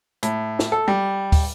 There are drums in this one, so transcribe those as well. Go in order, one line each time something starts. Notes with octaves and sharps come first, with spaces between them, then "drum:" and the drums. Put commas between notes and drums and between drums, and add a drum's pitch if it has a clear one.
A2, drum: hi-hat
drum: snare
A4
G3
drum: kick, open hi-hat